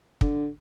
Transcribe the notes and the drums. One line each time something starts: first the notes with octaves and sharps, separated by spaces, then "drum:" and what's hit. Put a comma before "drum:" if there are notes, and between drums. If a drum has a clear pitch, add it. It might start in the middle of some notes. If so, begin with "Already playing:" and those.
D3, drum: kick